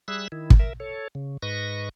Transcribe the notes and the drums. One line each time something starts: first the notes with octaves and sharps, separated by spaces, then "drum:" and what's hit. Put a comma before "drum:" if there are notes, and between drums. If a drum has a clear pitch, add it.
G3 G#4 E5 E6 F#6
D#3 E4
drum: kick
A#4 E5
A4 C#5
C#3
G#2 B4 D#5 C#6 A#6